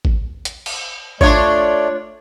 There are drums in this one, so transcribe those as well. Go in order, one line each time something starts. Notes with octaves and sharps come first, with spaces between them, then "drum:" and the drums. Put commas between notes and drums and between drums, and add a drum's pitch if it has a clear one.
drum: kick G#1
drum: hi-hat
drum: cymbal
A3 D4 F4 C#5 D5, drum: kick G#1